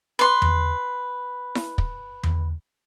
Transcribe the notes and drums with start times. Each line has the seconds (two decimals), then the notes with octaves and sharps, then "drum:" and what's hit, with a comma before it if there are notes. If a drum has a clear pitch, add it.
0.19 B4 C6
0.42 drum: tom E2
1.55 drum: snare E4
1.78 drum: kick
2.23 drum: tom E2